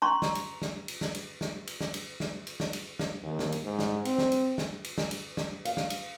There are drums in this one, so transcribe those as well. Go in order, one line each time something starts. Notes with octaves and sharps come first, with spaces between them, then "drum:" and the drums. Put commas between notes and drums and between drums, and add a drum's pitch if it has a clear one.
C#4 A#5 C6 C#6
drum: snare
drum: cymbal
drum: snare
drum: cymbal
drum: snare
drum: cymbal
drum: snare
drum: cymbal
drum: snare
drum: cymbal
drum: snare
drum: cymbal
drum: snare
drum: cymbal
drum: snare
D#2
drum: snare
drum: cymbal
G#2
drum: snare
C4, drum: cymbal
drum: snare
drum: cymbal
drum: snare
drum: cymbal
drum: snare
drum: cymbal
drum: snare
F5, drum: cymbal
drum: snare
drum: cymbal